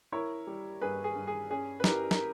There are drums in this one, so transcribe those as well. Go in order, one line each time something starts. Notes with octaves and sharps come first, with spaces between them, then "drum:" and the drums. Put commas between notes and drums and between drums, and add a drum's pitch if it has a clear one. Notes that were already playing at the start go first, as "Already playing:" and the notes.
E4 A#4 C#5
G3
G2 G#4 B4
G#4
G2
G#4
C#4 G#4
B4
E4 G4 A#4, drum: snare
A#4, drum: snare